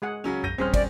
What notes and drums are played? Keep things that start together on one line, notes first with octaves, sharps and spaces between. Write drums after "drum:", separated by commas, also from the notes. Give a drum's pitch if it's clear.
G#3 G#4 F#5
C#3 F#3 C#4
B1 F#2 G6 A#6 D#7
D#1 A1 G3 C4 C#4 G#4 C5 F6
D5, drum: kick, cymbal